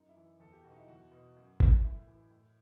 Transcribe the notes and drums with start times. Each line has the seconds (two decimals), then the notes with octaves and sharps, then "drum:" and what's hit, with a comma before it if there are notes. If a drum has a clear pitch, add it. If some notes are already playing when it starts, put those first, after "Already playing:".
Already playing: F#2 D#4
0.09 E4
0.16 E3
0.40 E2 A4
0.53 G4
0.64 B2 F#4
0.72 D#4
0.76 E4
0.88 E2 F#4
1.11 B2
1.36 F#2
1.60 E3, drum: kick
1.83 A2 E4
2.07 E3
2.31 A2